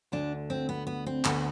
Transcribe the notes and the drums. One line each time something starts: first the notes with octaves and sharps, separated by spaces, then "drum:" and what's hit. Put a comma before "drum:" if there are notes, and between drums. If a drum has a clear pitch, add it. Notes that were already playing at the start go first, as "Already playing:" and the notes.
D2 D3 D4
C4
B3
B3
C4
D2 D3 B3, drum: clap